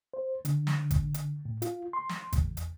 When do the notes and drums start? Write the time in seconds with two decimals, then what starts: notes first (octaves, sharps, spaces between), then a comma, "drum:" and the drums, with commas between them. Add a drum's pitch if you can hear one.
0.14 C5
0.45 D3, drum: hi-hat
0.67 drum: snare
0.91 drum: kick G#1, hi-hat
1.14 drum: hi-hat
1.45 A2
1.62 F4, drum: hi-hat
1.93 C6
2.09 drum: snare
2.33 E2, drum: kick G#1, hi-hat
2.57 drum: hi-hat